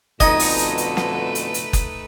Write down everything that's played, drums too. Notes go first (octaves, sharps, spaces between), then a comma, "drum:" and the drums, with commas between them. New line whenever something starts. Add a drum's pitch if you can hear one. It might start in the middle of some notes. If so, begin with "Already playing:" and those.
F2 B2 D3 A3 D#4 B4 D#5 G#5, drum: kick F#1, hi-hat
drum: open hi-hat
drum: hi-hat
drum: hi-hat
drum: snare
drum: hi-hat
drum: hi-hat
drum: kick F#1, hi-hat